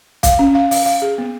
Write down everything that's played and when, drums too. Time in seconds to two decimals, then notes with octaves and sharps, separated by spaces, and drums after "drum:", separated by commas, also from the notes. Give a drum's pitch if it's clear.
0.23 F5, drum: kick, hi-hat
0.39 C#4
0.55 F5
0.71 F5, drum: open hi-hat
0.86 F5
1.02 G#4
1.18 B3